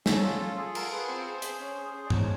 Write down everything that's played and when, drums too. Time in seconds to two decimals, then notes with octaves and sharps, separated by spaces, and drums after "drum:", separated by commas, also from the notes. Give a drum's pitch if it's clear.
0.06 C#4 A4, drum: snare
0.24 F4
0.40 F4
0.57 G#4 A4
0.75 F4 A#4, drum: cymbal
0.92 G#4 B4
1.08 C4 C5
1.26 G#4
1.42 G#4, drum: hi-hat
1.60 C#4
1.77 G#4
1.94 G#4
2.06 D5
2.10 G#3 C#5, drum: tom G#2